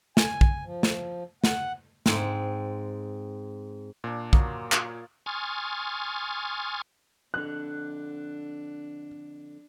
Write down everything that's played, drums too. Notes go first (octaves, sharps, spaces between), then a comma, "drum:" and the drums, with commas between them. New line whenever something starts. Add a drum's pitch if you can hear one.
G#5, drum: snare
drum: kick
F3
drum: snare
F#5, drum: snare
G#2 C4, drum: snare
A#2 D4 C5
F#3 A#3 D#6, drum: kick
F4 C#5, drum: clap
G#5 C6 C#6 D#6 F6 A6
F2 D3 D4 F#6